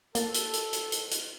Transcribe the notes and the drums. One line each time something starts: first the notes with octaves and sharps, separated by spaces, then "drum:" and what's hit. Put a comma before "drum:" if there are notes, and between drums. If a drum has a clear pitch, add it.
A#3 A4 A6, drum: hi-hat
drum: hi-hat
drum: hi-hat
drum: hi-hat
drum: hi-hat
drum: hi-hat